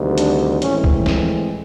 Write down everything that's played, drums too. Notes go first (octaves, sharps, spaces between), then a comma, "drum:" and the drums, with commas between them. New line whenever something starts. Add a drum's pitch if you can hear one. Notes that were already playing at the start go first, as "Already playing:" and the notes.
Already playing: D2 C3 D#3 G3
D4, drum: hi-hat
A2 E3 G#3 C4 C#4, drum: hi-hat
drum: kick
drum: snare